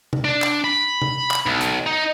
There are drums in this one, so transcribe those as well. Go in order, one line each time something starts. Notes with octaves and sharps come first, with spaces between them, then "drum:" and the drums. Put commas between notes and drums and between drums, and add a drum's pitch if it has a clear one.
drum: tom C3
D4
drum: clap
B5
drum: tom C3
drum: clap
B1
drum: hi-hat
D#4